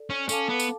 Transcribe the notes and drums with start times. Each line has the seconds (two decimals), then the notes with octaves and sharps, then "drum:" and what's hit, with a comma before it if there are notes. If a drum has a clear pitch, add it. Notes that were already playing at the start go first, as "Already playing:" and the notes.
Already playing: A4 D5
0.10 C#4
0.29 C#4 A4 F5 A5 D6, drum: tambourine
0.49 B3
0.60 drum: tambourine